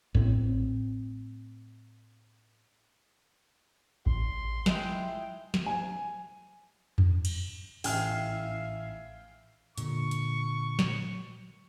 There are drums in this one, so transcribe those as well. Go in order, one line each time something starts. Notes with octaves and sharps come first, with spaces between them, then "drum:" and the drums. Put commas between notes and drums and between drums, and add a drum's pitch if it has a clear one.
A2 C4, drum: kick A1
C6, drum: kick A1
G#3 E4 G5, drum: snare
drum: snare
G#5
drum: tom F2
drum: cymbal
A1 E5 F5 G5 G#5 F6, drum: open hi-hat
A#2 D3 C#6, drum: hi-hat
drum: hi-hat
drum: snare